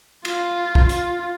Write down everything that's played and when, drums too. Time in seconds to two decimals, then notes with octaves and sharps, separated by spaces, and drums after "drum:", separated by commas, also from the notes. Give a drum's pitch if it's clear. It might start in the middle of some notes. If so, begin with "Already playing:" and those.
0.25 F4, drum: cymbal
0.75 drum: kick
0.89 F4, drum: hi-hat